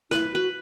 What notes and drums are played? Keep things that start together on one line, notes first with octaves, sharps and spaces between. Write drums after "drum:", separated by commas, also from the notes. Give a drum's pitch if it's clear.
E4 B4, drum: snare
F#4 B4